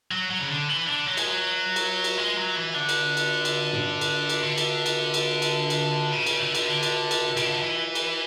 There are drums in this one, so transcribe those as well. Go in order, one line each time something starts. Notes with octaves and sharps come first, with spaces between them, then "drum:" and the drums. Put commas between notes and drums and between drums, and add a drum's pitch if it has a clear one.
F#3
F#3
C#3
D3
E3
D3
F#3
G#3, drum: cymbal
F#3
drum: cymbal
drum: cymbal
G#3
F#3
E3
D3
drum: cymbal
drum: cymbal
drum: cymbal
drum: tom
drum: cymbal
drum: cymbal
D3
drum: cymbal
drum: cymbal
drum: cymbal
drum: cymbal
drum: cymbal
C#3
drum: cymbal
D3
drum: cymbal
D3
drum: cymbal
drum: cymbal
C#3, drum: cymbal
D3
E3
drum: cymbal